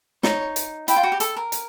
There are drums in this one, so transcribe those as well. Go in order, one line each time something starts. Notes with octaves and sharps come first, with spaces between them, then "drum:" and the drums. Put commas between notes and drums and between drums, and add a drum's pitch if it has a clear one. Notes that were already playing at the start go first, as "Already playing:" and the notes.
D#4 C#5, drum: snare
drum: hi-hat
E4 G5, drum: hi-hat
F4
F#4
G4
A4, drum: hi-hat
A#4
drum: hi-hat